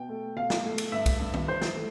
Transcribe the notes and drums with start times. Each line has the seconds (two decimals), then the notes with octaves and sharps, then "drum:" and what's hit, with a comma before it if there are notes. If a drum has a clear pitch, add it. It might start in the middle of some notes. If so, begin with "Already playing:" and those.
Already playing: B2 G5
0.09 A3
0.36 B2 F5
0.50 drum: snare
0.64 A3
0.78 drum: cymbal
0.92 G2 E5
1.06 drum: kick C2, cymbal
1.20 G2
1.34 drum: tom D#3
1.48 E3 C5
1.62 drum: snare
1.75 A3